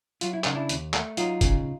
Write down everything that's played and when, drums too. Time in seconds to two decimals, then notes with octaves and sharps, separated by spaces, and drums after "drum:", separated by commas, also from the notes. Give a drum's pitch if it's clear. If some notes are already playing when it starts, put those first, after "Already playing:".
0.21 F#3 F4, drum: hi-hat
0.33 E4
0.44 C#3 D#4, drum: clap
0.55 D4 E4
0.69 D#2, drum: hi-hat
0.94 A3, drum: clap
1.17 F#3 D#4 F4, drum: hi-hat
1.41 C#3, drum: kick, hi-hat